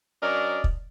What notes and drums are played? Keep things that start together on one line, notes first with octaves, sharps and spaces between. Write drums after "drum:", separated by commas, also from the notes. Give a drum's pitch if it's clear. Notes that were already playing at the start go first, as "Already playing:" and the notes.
F#3 C#4 D4 A#4 D5 D#5
drum: kick